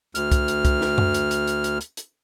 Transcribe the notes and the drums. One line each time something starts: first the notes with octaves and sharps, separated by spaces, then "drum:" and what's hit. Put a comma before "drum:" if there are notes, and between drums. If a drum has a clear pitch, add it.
D2 F6, drum: hi-hat
drum: kick, hi-hat
drum: hi-hat
drum: kick, hi-hat
drum: snare
drum: tom F#2
drum: hi-hat
drum: hi-hat
drum: hi-hat
drum: hi-hat
drum: hi-hat
drum: hi-hat